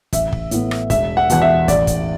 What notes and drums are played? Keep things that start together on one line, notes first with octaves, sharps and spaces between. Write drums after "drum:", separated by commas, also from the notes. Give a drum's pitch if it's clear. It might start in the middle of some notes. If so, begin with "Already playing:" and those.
A1 E5, drum: kick, hi-hat
drum: kick
A2 E3 B3, drum: hi-hat
drum: rim click
E1 E5, drum: kick, hi-hat
F#5
E2 B2 F#5, drum: hi-hat
E5
A1 D5, drum: kick, hi-hat
drum: kick, hi-hat